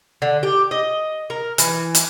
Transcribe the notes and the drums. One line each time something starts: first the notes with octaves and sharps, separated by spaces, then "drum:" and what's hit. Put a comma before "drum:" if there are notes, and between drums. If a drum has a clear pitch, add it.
D3
G4
D#5
A#4
E3, drum: hi-hat
drum: hi-hat